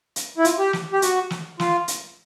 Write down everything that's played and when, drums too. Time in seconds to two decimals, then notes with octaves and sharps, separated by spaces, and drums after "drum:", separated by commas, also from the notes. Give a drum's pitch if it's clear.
0.16 drum: hi-hat
0.38 E4
0.45 F4, drum: hi-hat
0.59 G4
0.73 drum: snare
0.93 G4
1.02 F#4, drum: hi-hat
1.30 drum: snare
1.60 F4, drum: snare
1.88 drum: hi-hat